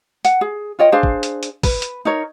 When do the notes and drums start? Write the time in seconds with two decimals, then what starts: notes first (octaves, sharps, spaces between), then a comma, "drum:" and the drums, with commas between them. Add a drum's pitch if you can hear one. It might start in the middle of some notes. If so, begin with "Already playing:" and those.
0.25 F#5, drum: hi-hat
0.41 G#4
0.79 F4 C#5 D#5 G5
0.92 D4 G#4 C5 F5
1.03 drum: kick
1.23 drum: hi-hat
1.43 drum: hi-hat
1.63 B4, drum: kick, open hi-hat
1.82 drum: hi-hat
2.05 D#4 A#4 C#5